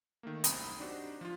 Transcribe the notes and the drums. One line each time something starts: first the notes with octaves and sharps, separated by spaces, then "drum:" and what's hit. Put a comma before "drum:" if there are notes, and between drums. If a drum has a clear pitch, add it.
D#3 A3 A#3
C2 F#2 C4 A#5 B5 D#6, drum: hi-hat
D4 D#4 F#4 G4 C5
F3 F4